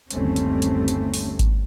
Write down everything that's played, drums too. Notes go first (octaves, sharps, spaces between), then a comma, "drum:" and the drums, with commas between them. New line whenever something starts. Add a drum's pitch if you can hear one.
G1 D#2 G3 A3 C4 C#4, drum: hi-hat
drum: hi-hat
drum: hi-hat
drum: hi-hat
drum: open hi-hat
drum: kick G#1, hi-hat